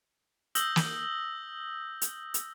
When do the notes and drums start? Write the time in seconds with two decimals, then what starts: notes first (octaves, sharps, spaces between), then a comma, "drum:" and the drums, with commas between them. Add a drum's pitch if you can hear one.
0.55 D#6 E6 G6 A#6 F#7 G7, drum: hi-hat
0.76 drum: snare
2.02 drum: hi-hat
2.34 drum: hi-hat